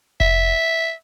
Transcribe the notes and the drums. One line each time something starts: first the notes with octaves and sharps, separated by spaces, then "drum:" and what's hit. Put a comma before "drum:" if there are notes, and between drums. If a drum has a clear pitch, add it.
E5, drum: kick F1